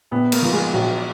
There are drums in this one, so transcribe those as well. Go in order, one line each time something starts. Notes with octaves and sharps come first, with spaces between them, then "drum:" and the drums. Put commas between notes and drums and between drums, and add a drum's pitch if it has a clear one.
A#1 B3
A#3, drum: cymbal
G#2 F3
G#3
A#1 F#3